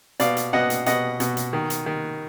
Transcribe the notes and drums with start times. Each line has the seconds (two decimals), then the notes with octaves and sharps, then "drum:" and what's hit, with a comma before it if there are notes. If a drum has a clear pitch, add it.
0.20 B2 D5 F5, drum: hi-hat
0.37 drum: hi-hat
0.53 B2 D#5 F#5
0.70 drum: hi-hat
0.86 B2 D#5 F#5, drum: hi-hat
1.20 B2, drum: hi-hat
1.37 drum: hi-hat
1.53 D#3
1.70 drum: hi-hat
1.86 D#3